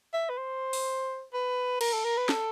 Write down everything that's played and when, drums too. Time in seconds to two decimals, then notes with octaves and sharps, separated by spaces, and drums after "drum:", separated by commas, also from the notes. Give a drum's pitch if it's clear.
0.14 E5
0.30 B4
0.38 C5
0.73 drum: open hi-hat
1.33 B4
1.81 A#4, drum: cymbal
1.93 A4
2.05 A#4
2.17 B4
2.29 A4, drum: snare